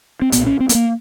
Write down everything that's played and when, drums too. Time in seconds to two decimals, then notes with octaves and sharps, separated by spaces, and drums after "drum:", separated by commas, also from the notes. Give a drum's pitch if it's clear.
0.22 C4
0.32 B1 A#2 B3, drum: hi-hat
0.46 C#4
0.60 C4
0.69 B3, drum: hi-hat
0.75 A#3